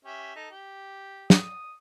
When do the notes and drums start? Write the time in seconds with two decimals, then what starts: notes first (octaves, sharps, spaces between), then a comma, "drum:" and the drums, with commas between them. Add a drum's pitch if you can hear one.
0.05 C#4 G4 E5
0.36 D#4 A4
0.51 G4
1.30 D#6, drum: snare